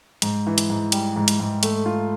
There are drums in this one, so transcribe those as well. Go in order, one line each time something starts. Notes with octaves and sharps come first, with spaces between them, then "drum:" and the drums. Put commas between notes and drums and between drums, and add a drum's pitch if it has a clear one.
G#2, drum: hi-hat
E3
drum: hi-hat
G#2
G3, drum: hi-hat
G#2
drum: hi-hat
G#2
A3, drum: hi-hat
F4